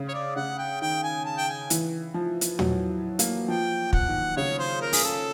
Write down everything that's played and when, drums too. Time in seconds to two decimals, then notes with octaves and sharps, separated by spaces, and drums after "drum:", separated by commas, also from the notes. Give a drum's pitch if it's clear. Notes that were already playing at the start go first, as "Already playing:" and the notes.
Already playing: C#3
0.09 C#5
0.14 D5
0.36 C#3 F#5
0.58 G5
0.81 D#3 G5
1.03 G#5
1.25 A5
1.38 G5
1.48 G#5
1.70 E3, drum: hi-hat
2.14 F3
2.41 drum: hi-hat
2.59 F#3, drum: tom
3.19 A#3, drum: hi-hat
3.48 F3 G5
3.93 F#5, drum: kick
4.08 D#3
4.37 C#3 C#5
4.59 C5
4.81 A#4
4.93 G#4, drum: open hi-hat
5.04 A4